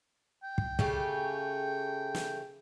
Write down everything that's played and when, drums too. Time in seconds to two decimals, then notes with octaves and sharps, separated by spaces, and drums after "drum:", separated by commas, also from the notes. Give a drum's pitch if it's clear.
0.43 G5
0.58 drum: kick
0.79 C#3 A3 G4, drum: kick
2.15 drum: snare